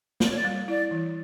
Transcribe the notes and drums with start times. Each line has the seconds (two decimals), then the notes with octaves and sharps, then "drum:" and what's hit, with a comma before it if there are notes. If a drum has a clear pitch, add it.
0.20 C4 D5, drum: snare
0.29 C#5
0.35 D5
0.45 G3
0.68 E4 D5
0.91 E3